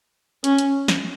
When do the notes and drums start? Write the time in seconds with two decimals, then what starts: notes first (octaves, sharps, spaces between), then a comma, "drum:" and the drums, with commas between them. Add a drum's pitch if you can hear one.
0.44 C#4, drum: hi-hat
0.59 drum: hi-hat
0.88 drum: snare